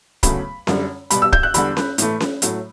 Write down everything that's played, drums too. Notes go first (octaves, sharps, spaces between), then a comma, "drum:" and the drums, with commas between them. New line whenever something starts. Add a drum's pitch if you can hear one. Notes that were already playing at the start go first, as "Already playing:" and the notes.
E2 C#3 F#3 A3 B5, drum: kick, hi-hat
F#2 D3 G3, drum: snare C#4
B2 G3 B5, drum: hi-hat
E6
G6, drum: kick
F#6
E2 D3 G3 B5, drum: hi-hat
drum: snare C#4
A2 E3 A3, drum: hi-hat
drum: snare C#4
A2 F#3 A3, drum: hi-hat